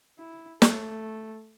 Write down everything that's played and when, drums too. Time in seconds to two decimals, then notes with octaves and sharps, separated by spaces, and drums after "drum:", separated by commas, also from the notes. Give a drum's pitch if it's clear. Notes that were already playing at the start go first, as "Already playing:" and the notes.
0.19 E4
0.62 A3, drum: snare